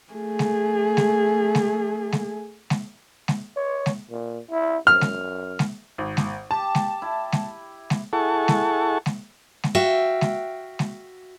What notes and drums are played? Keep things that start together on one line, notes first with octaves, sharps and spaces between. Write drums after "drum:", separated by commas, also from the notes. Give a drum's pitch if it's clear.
A3 G#4
drum: snare G#3
drum: snare G#3
drum: snare G#3
drum: snare G#3
drum: snare G#3
drum: snare G#3
C#5
drum: snare G#3
A#2
E4
F#2 F6
drum: snare G#3
drum: snare G#3
G#1
drum: snare G#3
G4 A5
drum: snare G#3
E4
drum: snare G#3
drum: snare G#3
E4 G#4 A4 F#5 A5 C#6
drum: snare G#3
drum: snare G#3
drum: snare G#3
F#4 E5 F5 G5
drum: snare G#3
drum: snare G#3